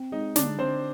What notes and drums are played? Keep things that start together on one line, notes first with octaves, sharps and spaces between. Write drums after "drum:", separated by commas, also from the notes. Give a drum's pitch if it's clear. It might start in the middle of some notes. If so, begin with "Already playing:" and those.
Already playing: C4
G#3 D#4 D#5
D3 D4 D5, drum: snare
D3 C4 C5